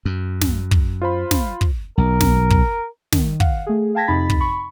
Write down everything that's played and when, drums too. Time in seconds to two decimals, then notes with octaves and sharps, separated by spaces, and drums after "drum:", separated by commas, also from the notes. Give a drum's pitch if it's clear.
0.05 F#2
0.41 drum: snare
0.71 drum: kick
1.02 F4 C5 B5
1.31 drum: snare
1.61 drum: kick
1.98 B1 A#4
2.21 drum: snare
2.50 drum: kick
3.12 D#3, drum: snare
3.40 F5 F#5, drum: kick
3.66 A3 G#4
3.95 F5 G5 A5 G#6 A#6 B6
4.07 F2 C3 D#4 B5 A6 B6
4.30 drum: kick
4.40 B5 C#6